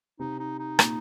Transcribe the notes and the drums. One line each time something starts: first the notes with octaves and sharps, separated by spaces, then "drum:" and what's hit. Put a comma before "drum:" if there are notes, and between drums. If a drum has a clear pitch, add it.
C3 D#4
D#4
D#4
A#2, drum: rim click